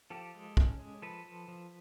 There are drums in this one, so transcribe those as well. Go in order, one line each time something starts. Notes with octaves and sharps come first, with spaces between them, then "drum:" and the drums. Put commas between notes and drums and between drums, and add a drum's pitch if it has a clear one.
F3 G4 A4
G#3
C#4, drum: kick
G#3
F3 A4 B4
F3
F3